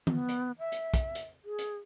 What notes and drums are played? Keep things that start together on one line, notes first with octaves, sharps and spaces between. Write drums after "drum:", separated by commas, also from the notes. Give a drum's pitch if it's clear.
B3, drum: tom D#3
drum: hi-hat
E5
drum: hi-hat
drum: kick, hi-hat
drum: hi-hat
G#4
drum: hi-hat